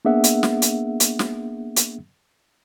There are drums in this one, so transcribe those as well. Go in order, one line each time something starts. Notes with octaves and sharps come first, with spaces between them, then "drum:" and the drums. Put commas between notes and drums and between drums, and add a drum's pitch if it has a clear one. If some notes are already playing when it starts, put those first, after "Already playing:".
A#3 B3 D4 G#4 E5 F#5
drum: hi-hat
drum: snare
drum: hi-hat
drum: hi-hat
drum: snare
drum: hi-hat